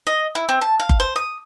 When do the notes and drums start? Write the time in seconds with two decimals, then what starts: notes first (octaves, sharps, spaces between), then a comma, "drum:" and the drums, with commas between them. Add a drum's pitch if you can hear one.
0.07 D#5
0.35 E4
0.49 C4
0.61 A5
0.80 F5
0.89 drum: kick F#1
1.00 C5
1.16 D#6